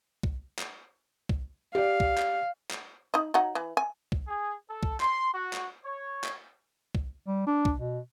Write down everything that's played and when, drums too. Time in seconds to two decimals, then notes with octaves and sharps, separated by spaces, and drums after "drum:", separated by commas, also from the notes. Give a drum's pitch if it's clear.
0.23 drum: kick
0.59 drum: clap
1.29 drum: kick
1.75 G4 D5 F5
2.00 drum: kick
2.18 drum: clap
2.71 drum: clap
3.14 D#4 D#5
3.34 F#3 D#4 F#5
3.55 E3
3.77 G#5
4.12 drum: kick
4.28 G#4
4.69 A4
4.83 drum: kick
5.00 C6, drum: clap
5.34 F#4
5.53 drum: clap
5.86 C#5
6.24 drum: clap
6.95 drum: kick
7.27 G3
7.47 D4
7.65 drum: kick
7.78 B2